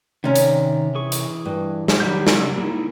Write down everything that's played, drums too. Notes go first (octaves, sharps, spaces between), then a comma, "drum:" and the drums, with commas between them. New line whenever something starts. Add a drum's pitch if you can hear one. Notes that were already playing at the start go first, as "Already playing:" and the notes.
C3 D#3 C#4 D5 A#5
drum: hi-hat
E3 G#4 C#6
drum: hi-hat
G2
drum: snare
D#3 F#3 G3 G4 G6
C#3 D5 E6, drum: snare
A#3 D#4 E4